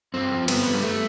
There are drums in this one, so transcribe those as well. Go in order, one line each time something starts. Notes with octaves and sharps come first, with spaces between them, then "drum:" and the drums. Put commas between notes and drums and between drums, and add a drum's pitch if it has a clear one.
G2 C4
F3
G2 B3, drum: cymbal
G2
G3
A3